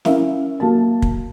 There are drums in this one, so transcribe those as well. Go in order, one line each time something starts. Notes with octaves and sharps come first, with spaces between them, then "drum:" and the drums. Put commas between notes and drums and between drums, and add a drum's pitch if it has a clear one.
C#4 E4 A#4 E5 F5, drum: snare
F#3 A#3 A5
drum: kick